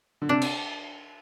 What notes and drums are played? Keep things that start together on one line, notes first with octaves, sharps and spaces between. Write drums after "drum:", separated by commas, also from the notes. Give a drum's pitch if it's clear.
D3
C3 D4
drum: cymbal